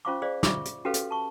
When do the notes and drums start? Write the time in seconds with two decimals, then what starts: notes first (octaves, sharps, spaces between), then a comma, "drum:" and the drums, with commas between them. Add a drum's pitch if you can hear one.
0.05 C#4 F4 C5 F5 C#6 D6
0.22 G#4 C5 D5 D#5 F5
0.43 F4 E5 C#6 D6, drum: snare
0.65 drum: hi-hat
0.85 C#4 F#4 G4 A4 B4 F5
0.94 drum: hi-hat
1.11 A5 C#6